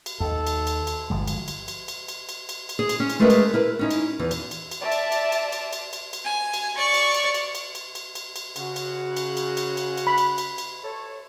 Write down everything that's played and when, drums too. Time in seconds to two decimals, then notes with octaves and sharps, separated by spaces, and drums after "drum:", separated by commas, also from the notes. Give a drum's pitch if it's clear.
0.06 drum: cymbal
0.20 D#2 A4
0.47 drum: cymbal
0.67 drum: cymbal
0.87 drum: cymbal
1.10 G1 F3 G#3
1.28 drum: cymbal
1.48 drum: cymbal
1.68 drum: cymbal
1.88 drum: cymbal
2.08 drum: cymbal
2.29 drum: cymbal
2.49 drum: cymbal
2.69 drum: cymbal
2.79 G#4
2.89 drum: cymbal
3.00 C#4
3.10 drum: cymbal
3.19 G#3 A3 G#4 A#4 B4 E5
3.30 drum: cymbal
3.53 E4 A#4 B4
3.79 C#4 D#4 E4
3.91 drum: cymbal
4.19 E2 E3
4.31 drum: cymbal
4.51 drum: cymbal
4.71 drum: cymbal
4.81 D5 E5 A5
4.92 drum: cymbal
5.12 drum: cymbal
5.32 drum: cymbal
5.52 drum: cymbal
5.73 drum: cymbal
5.93 drum: cymbal
6.13 drum: cymbal
6.25 G#5
6.54 drum: cymbal
6.77 D5 C#6
6.94 drum: cymbal
7.14 drum: cymbal
7.34 drum: cymbal
7.55 drum: cymbal
7.75 drum: cymbal
7.95 drum: cymbal
8.15 drum: cymbal
8.36 drum: cymbal
8.56 C#3 F#4, drum: cymbal
8.76 drum: cymbal
9.17 drum: cymbal
9.37 drum: cymbal
9.57 drum: cymbal
9.77 drum: cymbal
9.97 drum: cymbal
10.07 B5
10.18 drum: cymbal
10.38 drum: cymbal
10.58 drum: cymbal
10.83 A4 C#5